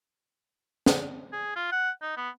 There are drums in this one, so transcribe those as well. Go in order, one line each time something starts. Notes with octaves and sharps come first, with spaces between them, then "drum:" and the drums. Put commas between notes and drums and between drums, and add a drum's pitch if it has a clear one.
drum: snare
G#4
F4
F#5
D#4
B3